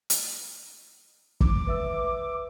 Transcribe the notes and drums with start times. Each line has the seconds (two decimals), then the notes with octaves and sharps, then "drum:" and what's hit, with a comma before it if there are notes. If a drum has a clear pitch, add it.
0.10 drum: hi-hat
1.40 D6, drum: kick G1
1.67 B4 E5 E6